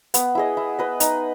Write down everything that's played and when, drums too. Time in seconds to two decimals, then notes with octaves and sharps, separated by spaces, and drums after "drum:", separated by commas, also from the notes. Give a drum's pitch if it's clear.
0.14 B3, drum: hi-hat
0.35 E4 G#4 D#5
0.57 E4
0.79 B4 D#5
1.00 D#4, drum: hi-hat